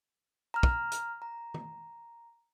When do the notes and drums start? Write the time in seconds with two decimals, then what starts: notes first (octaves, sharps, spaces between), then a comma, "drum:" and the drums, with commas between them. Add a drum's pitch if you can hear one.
0.54 A#5 F6
0.63 drum: kick
0.92 drum: hi-hat
1.22 A#5
1.54 drum: tom